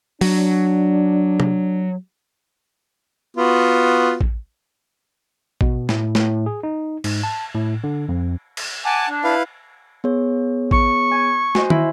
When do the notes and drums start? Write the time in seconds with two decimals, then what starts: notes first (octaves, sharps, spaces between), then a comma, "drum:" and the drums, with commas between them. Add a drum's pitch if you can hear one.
0.21 F#3 D4, drum: open hi-hat
1.40 drum: tom C3
3.37 B3 F4 F#4
4.21 drum: kick A1
5.61 B2, drum: kick A1
5.89 A2, drum: snare
6.15 A2, drum: snare
6.46 G#4
6.63 D#4
7.04 G#2, drum: cymbal
7.23 A5
7.54 A2
7.84 D3
8.09 F2
8.57 drum: cymbal
8.85 F#5 G#5 A5 D6
9.09 D4
9.24 E4 B4 F5
10.04 B3 G#4 C#5
10.71 C#6, drum: kick A1
11.11 G#5
11.55 F#4 C5 D#5 G#5, drum: snare
11.70 E4, drum: tom